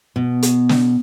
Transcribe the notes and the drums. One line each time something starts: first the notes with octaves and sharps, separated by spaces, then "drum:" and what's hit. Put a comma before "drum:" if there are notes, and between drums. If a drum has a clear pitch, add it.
B2
drum: hi-hat
drum: snare